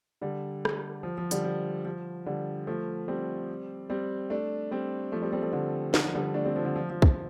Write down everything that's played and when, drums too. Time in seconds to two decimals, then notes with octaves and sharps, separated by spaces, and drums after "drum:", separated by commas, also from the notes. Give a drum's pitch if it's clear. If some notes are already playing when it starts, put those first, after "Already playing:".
0.21 D3 G3
0.65 drum: rim click
1.03 F3
1.18 F3
1.31 D3 G3, drum: hi-hat
1.44 F3
1.85 F3
2.26 D3 G3
2.67 F3 A3
3.08 G3 C4
3.90 G3 C4
4.30 A3 D4
4.71 G3 C4
5.12 F3 A3
5.22 G3 C4
5.32 G3 C4
5.42 F3 A3
5.53 D3 G3
5.94 D3, drum: snare
6.05 F3
6.15 D3 G3
6.34 A3 D4
6.45 G3 C4
6.56 F3
6.65 D3
6.76 F3
6.90 F3
7.02 F3, drum: kick